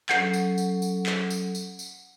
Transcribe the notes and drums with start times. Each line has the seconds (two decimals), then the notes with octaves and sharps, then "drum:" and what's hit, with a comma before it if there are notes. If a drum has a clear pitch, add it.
0.09 F#3 C#4 A4 F#5 G6 C7, drum: clap
0.33 drum: tambourine
0.58 drum: tambourine
0.82 drum: tambourine
1.06 drum: clap
1.30 drum: tambourine
1.55 drum: tambourine
1.79 drum: tambourine